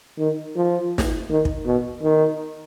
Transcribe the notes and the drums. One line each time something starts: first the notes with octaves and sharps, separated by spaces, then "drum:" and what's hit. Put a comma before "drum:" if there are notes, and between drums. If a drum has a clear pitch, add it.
D#3
F3
drum: snare
D#3
drum: kick
B2
D#3